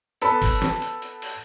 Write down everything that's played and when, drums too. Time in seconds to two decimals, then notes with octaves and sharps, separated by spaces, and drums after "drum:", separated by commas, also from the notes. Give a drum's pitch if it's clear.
0.22 B3 A4 B4, drum: hi-hat
0.42 drum: kick, open hi-hat
0.62 drum: snare
0.82 drum: hi-hat
1.02 drum: hi-hat
1.22 drum: open hi-hat